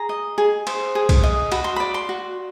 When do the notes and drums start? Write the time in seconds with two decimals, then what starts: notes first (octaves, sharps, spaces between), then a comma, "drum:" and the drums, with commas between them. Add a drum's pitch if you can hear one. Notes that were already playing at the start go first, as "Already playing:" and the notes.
Already playing: G#4 A#5
0.09 D#5
0.38 G#4
0.67 C5, drum: cymbal
0.95 G#4
1.09 drum: kick B1, cymbal
1.23 D#5
1.52 F#4 B5, drum: cymbal
1.64 C6
1.76 D5 B5
1.94 C6
2.09 F#4